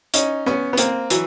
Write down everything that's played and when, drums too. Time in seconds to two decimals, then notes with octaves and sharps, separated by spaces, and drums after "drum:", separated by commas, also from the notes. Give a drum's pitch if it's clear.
0.14 C#4 D#4, drum: hi-hat
0.46 B3 C#4, drum: rim click
0.73 B3
0.78 A#3 C4, drum: hi-hat
1.10 E3 F#3, drum: hi-hat